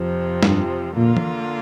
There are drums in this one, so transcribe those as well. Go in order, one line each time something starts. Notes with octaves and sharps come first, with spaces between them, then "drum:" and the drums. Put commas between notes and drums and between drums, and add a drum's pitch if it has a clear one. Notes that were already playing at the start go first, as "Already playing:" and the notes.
Already playing: F2 C3 F3 C4
G2, drum: snare
A#2 D3 A#3 F4
drum: tom E3